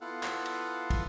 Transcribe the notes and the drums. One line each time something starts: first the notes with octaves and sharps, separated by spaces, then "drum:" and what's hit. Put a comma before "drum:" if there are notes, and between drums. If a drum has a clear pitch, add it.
B3 E4 F4 A4 F5 F#5
drum: clap
drum: cymbal
drum: kick, cymbal